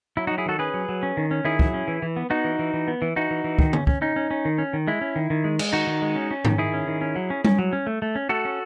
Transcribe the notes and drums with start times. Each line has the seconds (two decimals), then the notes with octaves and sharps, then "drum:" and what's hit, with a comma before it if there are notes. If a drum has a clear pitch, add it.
0.17 F#3 E4
0.27 D#4 F#4
0.31 F#3
0.38 E4 G#4
0.46 D#3 F#4 A4
0.59 C#4 G#4 B4
0.74 F#3
0.89 F#3
1.03 C#4
1.17 D#3
1.31 C#4
1.45 D#3 E4 G#4
1.59 F#3, drum: kick
1.74 C#4
1.88 E3
2.02 E3
2.16 B3
2.30 B3 D#4 F#4
2.44 E3
2.59 E3
2.74 E3
2.88 B3
3.02 E3
3.16 E3 D#4 F#4
3.31 E3
3.44 E3
3.59 D#3, drum: kick
3.73 C#4, drum: tom D3
3.87 C#4, drum: kick
4.02 C#4 D#4
4.16 C#4
4.31 C#4
4.45 D#3
4.58 C#4
4.73 D#3
4.87 G#3 E4
5.01 C#4
5.16 D#3
5.30 D#3
5.44 G#3
5.59 G#3, drum: cymbal
5.73 D#3 D#4 F#4
5.87 D#3
6.02 G#3
6.15 C#4
6.31 C#4
6.45 D#3, drum: tom G#2
6.58 D#3 E4 G#4
6.74 C#4
6.88 D#3
7.01 C#4
7.16 F#3
7.30 C#4
7.45 C#4, drum: tom G3
7.59 F#3
7.73 C#4
7.87 A3
8.02 A3
8.15 C#4
8.29 A3 F#4 A4
8.45 C#4